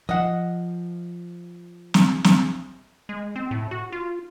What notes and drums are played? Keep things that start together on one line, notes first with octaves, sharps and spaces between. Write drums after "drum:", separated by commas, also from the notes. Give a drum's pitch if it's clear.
F3 D#5 F#5
drum: snare
drum: snare
G#3
C4
A2
F#4
F4